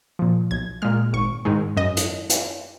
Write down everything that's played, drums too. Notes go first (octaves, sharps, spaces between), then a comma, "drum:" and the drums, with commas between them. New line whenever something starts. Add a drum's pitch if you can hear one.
A#2 F3
B1 G#6
A#2 G#3 F6
G#1 C#6
G#2 D#3 G#3
F#2 D#5
drum: hi-hat
drum: hi-hat